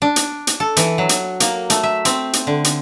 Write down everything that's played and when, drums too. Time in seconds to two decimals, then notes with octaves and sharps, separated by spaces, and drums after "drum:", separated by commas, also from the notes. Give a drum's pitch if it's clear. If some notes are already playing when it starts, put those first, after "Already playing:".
0.02 D4
0.16 drum: hi-hat
0.47 drum: hi-hat
0.60 A4
0.77 E3, drum: hi-hat
0.98 F#3
1.09 drum: hi-hat
1.40 A#3, drum: hi-hat
1.70 A3, drum: hi-hat
1.83 E5
2.05 C4, drum: hi-hat
2.33 drum: hi-hat
2.47 D3
2.64 drum: hi-hat